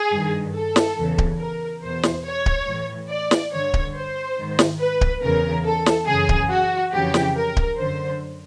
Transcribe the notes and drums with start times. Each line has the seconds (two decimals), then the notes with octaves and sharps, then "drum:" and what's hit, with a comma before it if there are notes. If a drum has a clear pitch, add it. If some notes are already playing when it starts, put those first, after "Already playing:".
Already playing: G#4
0.12 G2 D#3
0.54 A4
0.76 drum: snare
0.97 E2 C#3 E3
1.18 drum: kick D1
1.39 A#4
1.82 E2 B2 C5
2.03 drum: snare
2.24 C#5
2.46 drum: kick D1
2.68 A2 E3
3.09 D5
3.31 drum: snare
3.52 G2 D3 C#5
3.74 drum: kick D1
3.95 C5
4.38 G#2 D#3
4.59 drum: snare
4.80 B4
5.01 drum: kick D1
5.22 E2 C#3 E3 A#4
5.65 A4
5.86 drum: snare
6.07 F#2 C#3 E3 G#4
6.29 drum: kick D1
6.50 F#4
6.93 F2 C#3 E3 G4
7.14 drum: snare
7.36 A#4
7.56 drum: kick D1
7.77 F#2 D3 C5